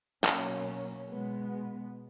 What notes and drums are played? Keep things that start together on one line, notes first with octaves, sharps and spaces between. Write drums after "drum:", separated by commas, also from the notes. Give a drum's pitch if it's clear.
B2 F#3 A#3 C#4, drum: clap
B2 G#3 B3